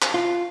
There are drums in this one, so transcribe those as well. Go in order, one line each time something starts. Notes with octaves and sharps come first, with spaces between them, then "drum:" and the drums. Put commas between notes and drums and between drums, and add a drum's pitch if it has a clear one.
drum: clap
F4